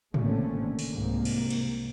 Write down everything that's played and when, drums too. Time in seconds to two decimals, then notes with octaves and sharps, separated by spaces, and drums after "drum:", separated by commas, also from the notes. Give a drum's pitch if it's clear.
0.14 G#1 D3 A3 A#3 C4 C#4, drum: tom
0.79 drum: open hi-hat
0.91 C2 G#2 C3 A#3
1.25 drum: cymbal
1.50 drum: cymbal